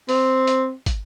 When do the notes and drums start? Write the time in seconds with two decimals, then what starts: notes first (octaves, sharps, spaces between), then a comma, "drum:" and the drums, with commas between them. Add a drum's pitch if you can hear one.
0.09 C4, drum: open hi-hat
0.47 drum: hi-hat
0.86 drum: kick, hi-hat